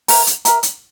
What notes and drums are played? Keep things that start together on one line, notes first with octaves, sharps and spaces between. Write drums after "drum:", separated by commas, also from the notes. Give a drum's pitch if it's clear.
A#4 E5 A#5, drum: open hi-hat
drum: hi-hat
A#4 E5 A#5, drum: hi-hat
drum: hi-hat